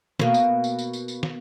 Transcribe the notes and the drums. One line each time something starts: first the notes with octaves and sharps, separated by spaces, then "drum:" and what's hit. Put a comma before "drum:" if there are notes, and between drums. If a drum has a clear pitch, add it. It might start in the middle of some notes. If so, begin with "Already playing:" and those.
B2 A#3, drum: snare
drum: tambourine
drum: tambourine
drum: tambourine
drum: tambourine
drum: tambourine
drum: snare